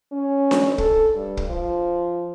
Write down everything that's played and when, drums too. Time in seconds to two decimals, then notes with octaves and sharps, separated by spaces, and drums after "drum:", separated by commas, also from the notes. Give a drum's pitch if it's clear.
0.12 C#4
0.51 drum: snare D4
0.78 A4, drum: kick
1.14 G2
1.37 drum: kick
1.50 F3